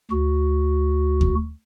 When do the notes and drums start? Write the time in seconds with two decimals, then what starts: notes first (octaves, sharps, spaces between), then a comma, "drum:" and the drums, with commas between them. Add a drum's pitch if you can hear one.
0.11 D2 F#4
1.21 drum: kick D#2